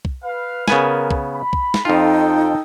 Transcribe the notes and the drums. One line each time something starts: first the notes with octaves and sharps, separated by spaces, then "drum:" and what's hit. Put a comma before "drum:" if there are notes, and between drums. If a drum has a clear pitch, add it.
drum: kick
B4 F5
C#3 B3 A#4 G#5, drum: snare
drum: kick
B5
drum: kick
drum: snare
F2 D#4 F4 A4 D#5 G5